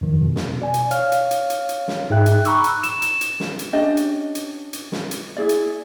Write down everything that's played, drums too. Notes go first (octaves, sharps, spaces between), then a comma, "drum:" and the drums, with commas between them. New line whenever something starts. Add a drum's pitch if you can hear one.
F2 D#3 F3
B2
drum: snare
D5 G#5
drum: hi-hat
C#5 F5 F6, drum: hi-hat
drum: hi-hat
drum: hi-hat
drum: hi-hat
drum: hi-hat
drum: snare
G#2 D#4 G#4 E5 G5 F#6
drum: hi-hat
A#5 B5 C#6 D6 E6 F#6, drum: hi-hat
drum: hi-hat
E7, drum: hi-hat
drum: hi-hat
drum: hi-hat
drum: snare
drum: hi-hat
C#4 D4 G4 D#5
drum: hi-hat
drum: hi-hat
drum: hi-hat
drum: snare
drum: hi-hat
E4 G#4 D5
drum: hi-hat